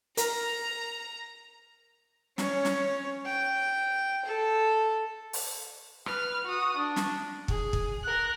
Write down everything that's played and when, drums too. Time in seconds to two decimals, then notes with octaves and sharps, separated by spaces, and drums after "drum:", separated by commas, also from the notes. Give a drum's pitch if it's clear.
0.17 A#4 A#5, drum: hi-hat
2.38 C#4 C#5, drum: snare
2.65 drum: snare
3.25 G5
4.25 A4
5.33 drum: open hi-hat
6.06 B4 F6, drum: rim click
6.45 F#4 D#6
6.77 D4
6.96 drum: snare
7.48 G#4, drum: kick
7.73 drum: kick
8.03 A#4 F#6